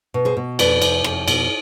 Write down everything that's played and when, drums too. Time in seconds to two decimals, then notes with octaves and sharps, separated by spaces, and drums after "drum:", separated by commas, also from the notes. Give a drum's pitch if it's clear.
0.14 B2
0.25 G#4 C5
0.37 B2
0.59 F2 B4 D5, drum: cymbal
0.82 C3, drum: cymbal
1.04 F2, drum: rim click
1.28 B2, drum: cymbal